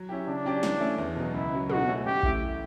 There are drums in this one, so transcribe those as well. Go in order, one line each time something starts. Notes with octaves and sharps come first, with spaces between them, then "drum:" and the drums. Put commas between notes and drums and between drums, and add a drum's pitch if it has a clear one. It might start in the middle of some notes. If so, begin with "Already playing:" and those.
Already playing: F#3
C#4 E4 G4
C#3 D4
F#3 C#4 G4 D5
E3, drum: snare
A3 C#4
E2
B2 F#3 B3
C#2 E4
C#3 F#3
B2 F#4, drum: tom
A3 C#4
F#2 G4
E3 A3 E4, drum: kick A#1